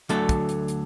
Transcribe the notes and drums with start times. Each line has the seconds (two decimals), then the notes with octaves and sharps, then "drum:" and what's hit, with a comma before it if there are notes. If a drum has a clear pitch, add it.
0.09 D2 D3 F#3 A3 A4, drum: hi-hat
0.29 drum: kick, hi-hat
0.49 drum: hi-hat
0.68 drum: hi-hat